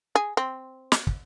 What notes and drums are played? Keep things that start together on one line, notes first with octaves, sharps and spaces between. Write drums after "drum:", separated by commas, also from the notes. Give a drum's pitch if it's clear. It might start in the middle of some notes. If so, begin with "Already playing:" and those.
G#4
C4
drum: snare
drum: kick